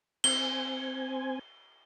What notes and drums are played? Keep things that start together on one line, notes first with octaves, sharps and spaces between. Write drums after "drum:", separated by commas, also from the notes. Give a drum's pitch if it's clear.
C4 G#5 G7, drum: cymbal